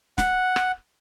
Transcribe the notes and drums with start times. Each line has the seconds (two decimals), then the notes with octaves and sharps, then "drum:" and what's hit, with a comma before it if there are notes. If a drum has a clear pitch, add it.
0.18 F#5, drum: snare
0.56 drum: rim click